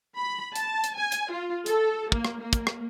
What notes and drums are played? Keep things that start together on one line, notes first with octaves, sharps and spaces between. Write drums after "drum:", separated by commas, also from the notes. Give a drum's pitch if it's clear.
B5
A5, drum: hi-hat
drum: hi-hat
G#5
drum: hi-hat
F4
A4, drum: hi-hat
A#3, drum: kick
drum: rim click
A#3
drum: kick, hi-hat
drum: rim click